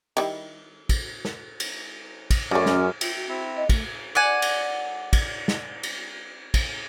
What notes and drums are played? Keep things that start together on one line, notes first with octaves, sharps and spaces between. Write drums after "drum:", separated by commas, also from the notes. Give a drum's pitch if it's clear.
D#3 G3 E4, drum: cymbal
drum: kick, cymbal
drum: snare
drum: cymbal
drum: kick, cymbal
F#2 F#3 A3 C#4 G#4 D5
drum: snare
F4 E5 G5, drum: cymbal
F#4
C4 E4 E5
D#5
A3, drum: kick, cymbal
D5 F#5 G#5
drum: cymbal
drum: kick, cymbal
drum: snare
drum: cymbal
drum: kick, cymbal